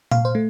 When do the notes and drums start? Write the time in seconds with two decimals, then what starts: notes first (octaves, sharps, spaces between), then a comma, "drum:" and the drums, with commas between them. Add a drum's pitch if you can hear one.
0.11 A#2 F5, drum: tom A#2
0.25 C5
0.35 A3